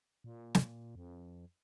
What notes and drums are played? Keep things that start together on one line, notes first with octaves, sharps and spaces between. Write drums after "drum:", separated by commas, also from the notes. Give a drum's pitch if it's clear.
A#2
drum: snare
F2